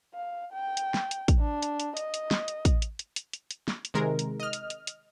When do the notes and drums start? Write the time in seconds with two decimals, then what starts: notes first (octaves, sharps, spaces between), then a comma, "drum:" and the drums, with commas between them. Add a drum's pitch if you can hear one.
0.14 F5
0.52 G5
0.77 drum: hi-hat
0.94 drum: snare
1.11 drum: hi-hat
1.28 drum: kick, hi-hat
1.40 D4
1.62 drum: hi-hat
1.80 drum: hi-hat
1.97 D#5, drum: hi-hat
2.14 drum: hi-hat
2.31 drum: snare
2.48 drum: hi-hat
2.65 drum: kick, hi-hat
2.82 drum: hi-hat
2.99 drum: hi-hat
3.16 drum: hi-hat
3.33 drum: hi-hat
3.51 drum: hi-hat
3.68 drum: snare
3.85 drum: hi-hat
3.94 C3 D#3 G#3 A#4
4.19 drum: hi-hat
4.40 D#5 F6
4.53 drum: hi-hat
4.70 drum: hi-hat
4.87 drum: hi-hat